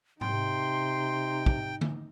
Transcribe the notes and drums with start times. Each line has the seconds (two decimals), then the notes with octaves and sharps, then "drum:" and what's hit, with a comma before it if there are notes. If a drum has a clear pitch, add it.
0.21 C3 D#4 G5 C6, drum: tom G#2
1.46 drum: kick
1.81 drum: tom D3